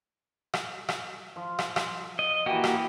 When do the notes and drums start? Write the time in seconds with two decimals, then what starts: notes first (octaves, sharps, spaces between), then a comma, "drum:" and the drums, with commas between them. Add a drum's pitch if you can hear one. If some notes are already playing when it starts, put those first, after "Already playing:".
0.54 drum: rim click
0.89 drum: rim click
1.36 F3
1.59 drum: rim click
1.76 drum: rim click
2.19 D#5
2.46 E3 A#3 F#4 G4 G5
2.64 drum: rim click